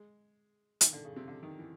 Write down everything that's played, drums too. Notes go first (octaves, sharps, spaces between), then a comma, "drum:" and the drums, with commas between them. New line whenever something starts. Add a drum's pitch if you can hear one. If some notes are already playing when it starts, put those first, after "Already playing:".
Already playing: G#3
D#3, drum: hi-hat
D3
C#3
C3
D3
D#3
E3